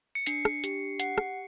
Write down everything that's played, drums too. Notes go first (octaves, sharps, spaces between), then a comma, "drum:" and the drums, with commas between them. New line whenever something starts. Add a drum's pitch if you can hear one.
C#7
D4 C7, drum: hi-hat
drum: rim click
G4, drum: hi-hat
F#5 C7, drum: hi-hat
drum: rim click